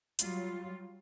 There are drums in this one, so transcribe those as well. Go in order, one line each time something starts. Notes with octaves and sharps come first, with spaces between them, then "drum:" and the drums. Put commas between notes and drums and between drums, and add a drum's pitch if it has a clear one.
F#3 G3 F4, drum: hi-hat